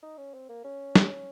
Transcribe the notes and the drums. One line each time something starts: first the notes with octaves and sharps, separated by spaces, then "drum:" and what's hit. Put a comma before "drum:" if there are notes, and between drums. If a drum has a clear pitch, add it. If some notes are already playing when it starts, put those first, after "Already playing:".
D#4
C#4
C4
A#3
C#4
drum: snare